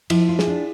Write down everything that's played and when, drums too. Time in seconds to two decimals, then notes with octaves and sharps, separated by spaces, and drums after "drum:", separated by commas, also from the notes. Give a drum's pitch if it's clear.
0.10 F3 E4, drum: cymbal
0.29 F4
0.39 G#4, drum: snare
0.48 D4